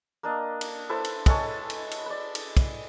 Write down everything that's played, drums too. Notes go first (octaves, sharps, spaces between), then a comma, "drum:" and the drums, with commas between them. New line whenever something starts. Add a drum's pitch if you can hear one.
A#3 D4 D#5
drum: cymbal
E4 A4 B4 C5
drum: cymbal
G#3 A4 C#5 A5, drum: kick, cymbal
drum: cymbal
drum: cymbal
B4 D5
drum: cymbal
drum: kick, cymbal